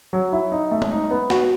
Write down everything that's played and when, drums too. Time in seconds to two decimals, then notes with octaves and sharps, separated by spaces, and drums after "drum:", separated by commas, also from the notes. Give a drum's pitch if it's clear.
0.13 F#3
0.32 E4
0.52 D#4
0.71 A3
0.82 drum: tom G#3
0.91 D#4
1.11 B3
1.30 F#4, drum: snare